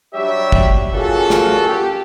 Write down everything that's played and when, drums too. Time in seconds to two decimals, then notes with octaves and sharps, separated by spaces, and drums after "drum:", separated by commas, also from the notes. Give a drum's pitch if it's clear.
0.14 F#3 G3 D4 G4 C#5 E5
0.52 drum: kick
0.94 A#3 C#4 F4 F#4 G#4 A4
1.30 drum: snare
1.67 G4